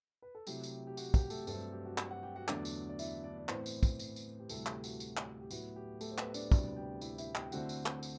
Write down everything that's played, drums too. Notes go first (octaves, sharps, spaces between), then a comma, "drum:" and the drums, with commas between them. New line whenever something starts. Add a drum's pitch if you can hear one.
B4
A4
C3 F#3 A3 E4 G4, drum: tambourine
drum: tambourine
G4
F#4, drum: tambourine
G4, drum: kick, tambourine
A3 A4, drum: tambourine
G2 F#3 A3 C4 A4, drum: tambourine
G4
F#4
drum: clap
F#4 F#5
G4 G5
F#4 F#5
E2 D3 F#3 A3 D4 D5, drum: clap
drum: tambourine
D5
E4 E5, drum: tambourine
D4 D5
D5
A2 E3 B3 C4 C5, drum: clap
drum: tambourine
drum: kick, tambourine
drum: tambourine
drum: tambourine
G4
D2 C3 E3 G3 A3 A4, drum: tambourine
G4, drum: clap
F#4, drum: tambourine
drum: tambourine
drum: clap
G4
A2 F#3 B3 E4 F#4, drum: tambourine
G4
A3 A4, drum: tambourine
C5
B3 B4, drum: clap
D4 D5, drum: tambourine
D2 C3 G3 B3 D4 E4 D5, drum: kick, tambourine
G4 G5
E4 E5, drum: tambourine
E4 E5, drum: tambourine
G4 G5, drum: clap
D3 A3 C4 E4 F#4 F#5, drum: tambourine
drum: tambourine
drum: clap
drum: tambourine